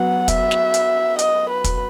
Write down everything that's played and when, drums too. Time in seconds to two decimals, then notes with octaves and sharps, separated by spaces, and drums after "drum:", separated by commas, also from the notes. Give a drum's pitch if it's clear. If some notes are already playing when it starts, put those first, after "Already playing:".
Already playing: F#3 B3 F#5
0.28 E5, drum: kick, hi-hat
0.51 drum: snare
0.74 drum: hi-hat
1.19 D#5, drum: hi-hat
1.50 B4
1.64 drum: kick, hi-hat